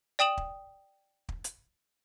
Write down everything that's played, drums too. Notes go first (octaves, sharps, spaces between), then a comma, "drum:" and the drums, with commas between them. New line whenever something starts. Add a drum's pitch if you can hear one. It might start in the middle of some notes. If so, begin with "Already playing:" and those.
D5 G5 D#6 E7 F#7
drum: kick
drum: kick
drum: hi-hat